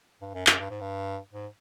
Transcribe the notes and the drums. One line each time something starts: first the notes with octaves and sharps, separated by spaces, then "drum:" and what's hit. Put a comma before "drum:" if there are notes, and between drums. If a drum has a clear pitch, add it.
G2
F#2
F#2, drum: clap
G2
G#2
G2
G#2